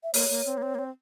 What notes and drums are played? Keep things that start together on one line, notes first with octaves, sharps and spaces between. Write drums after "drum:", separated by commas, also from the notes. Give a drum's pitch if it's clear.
E5
A#3 C#5, drum: open hi-hat
A#3
C4
A#3
C4
A#3
C4